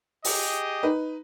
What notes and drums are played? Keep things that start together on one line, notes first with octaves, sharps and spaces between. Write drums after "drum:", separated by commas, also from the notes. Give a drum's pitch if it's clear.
G4 G#4 D#5, drum: open hi-hat
D#4 B4